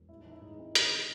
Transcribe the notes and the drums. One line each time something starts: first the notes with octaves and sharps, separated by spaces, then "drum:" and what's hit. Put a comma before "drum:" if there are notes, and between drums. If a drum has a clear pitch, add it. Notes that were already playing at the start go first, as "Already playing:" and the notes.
Already playing: E1
A1 E4
D#4
E3
E4
G#2 D#4
C4
G#1, drum: hi-hat
C#3